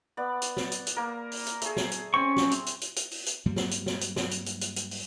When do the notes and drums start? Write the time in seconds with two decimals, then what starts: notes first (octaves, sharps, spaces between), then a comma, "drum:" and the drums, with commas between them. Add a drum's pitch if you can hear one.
0.17 B3 D5
0.42 drum: hi-hat
0.57 drum: snare
0.72 drum: hi-hat
0.87 drum: hi-hat
0.96 A#3 A#4
1.32 drum: open hi-hat
1.47 drum: hi-hat
1.62 A3 G#4, drum: hi-hat
1.77 drum: snare
1.92 drum: hi-hat
2.14 C4 C#4 C#6
2.36 drum: snare
2.51 drum: hi-hat
2.66 drum: hi-hat
2.81 drum: hi-hat
2.96 drum: hi-hat
3.11 drum: open hi-hat
3.26 drum: hi-hat
3.46 G2 F#3 G3 A#3
3.56 drum: snare
3.71 drum: hi-hat
3.86 drum: snare
4.01 drum: hi-hat
4.16 drum: snare
4.31 drum: hi-hat
4.46 drum: hi-hat
4.61 drum: hi-hat
4.76 drum: hi-hat
4.91 drum: open hi-hat